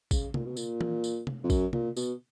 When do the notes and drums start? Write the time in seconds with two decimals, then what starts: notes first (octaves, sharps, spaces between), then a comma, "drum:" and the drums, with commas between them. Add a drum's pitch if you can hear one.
0.11 C#3, drum: kick, tambourine
0.34 A#2, drum: tom C3
0.45 B2
0.57 A#2, drum: tambourine
0.81 drum: tom E3
1.04 drum: tambourine
1.27 drum: tom C3
1.44 F2
1.50 F#2, drum: kick, tambourine
1.73 A#2, drum: tom C3
1.97 B2, drum: tambourine